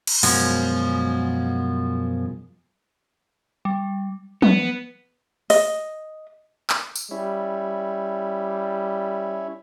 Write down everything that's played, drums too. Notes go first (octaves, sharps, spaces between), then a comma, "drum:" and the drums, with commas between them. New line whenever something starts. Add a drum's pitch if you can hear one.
drum: cymbal
F#2 B2 F3 G#3, drum: open hi-hat
G3
B3, drum: tom
D#5, drum: open hi-hat
drum: clap
drum: tambourine
G3 C#4 E4